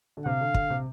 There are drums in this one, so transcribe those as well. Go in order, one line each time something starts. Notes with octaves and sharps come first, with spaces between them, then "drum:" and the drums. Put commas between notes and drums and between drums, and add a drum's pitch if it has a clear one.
D3
C3 F5
D3
D3, drum: kick
C3